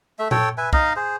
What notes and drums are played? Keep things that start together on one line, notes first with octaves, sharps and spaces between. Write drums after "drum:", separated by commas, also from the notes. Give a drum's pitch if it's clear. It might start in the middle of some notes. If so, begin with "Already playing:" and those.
A3 E5
A4 C#5 G5, drum: tom A#2
B4 E5 G#5
D#4 D#5 F5, drum: kick
G#4 C5